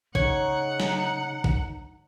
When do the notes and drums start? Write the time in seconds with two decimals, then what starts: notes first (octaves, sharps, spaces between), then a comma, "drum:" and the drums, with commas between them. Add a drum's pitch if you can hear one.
0.15 C#3 D#4 C#5 F#5, drum: kick
0.80 drum: snare
1.44 drum: kick